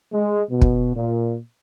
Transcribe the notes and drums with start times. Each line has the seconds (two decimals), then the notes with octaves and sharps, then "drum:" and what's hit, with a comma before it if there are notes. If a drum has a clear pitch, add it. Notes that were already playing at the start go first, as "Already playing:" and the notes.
0.13 G#3
0.50 B2
0.61 drum: kick
0.95 A#2